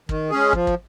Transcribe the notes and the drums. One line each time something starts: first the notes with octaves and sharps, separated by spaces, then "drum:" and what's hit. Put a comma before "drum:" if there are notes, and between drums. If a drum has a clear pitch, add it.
D#3, drum: kick
G#3 C#4 G#4
F3, drum: kick
drum: kick